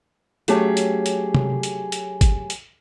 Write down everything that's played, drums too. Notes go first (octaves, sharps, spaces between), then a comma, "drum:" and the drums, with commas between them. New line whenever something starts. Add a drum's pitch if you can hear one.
F#3 A3 C#4 G4 G#4, drum: hi-hat
drum: hi-hat
drum: hi-hat
drum: tom C3
drum: hi-hat
drum: hi-hat
drum: kick, hi-hat
drum: hi-hat